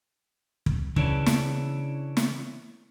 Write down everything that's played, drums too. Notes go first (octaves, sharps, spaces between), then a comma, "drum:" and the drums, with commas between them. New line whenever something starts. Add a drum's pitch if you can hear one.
drum: kick
C#3 E3 C#4 D4, drum: kick
drum: snare
drum: snare